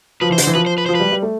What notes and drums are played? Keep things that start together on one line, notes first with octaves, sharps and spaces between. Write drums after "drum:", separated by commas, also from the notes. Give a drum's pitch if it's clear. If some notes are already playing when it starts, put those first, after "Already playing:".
F3 B4
E3
C5
D3, drum: hi-hat
C5
E3
F3 B4
C5
B4
F3 C5
G3 B4
G3
A3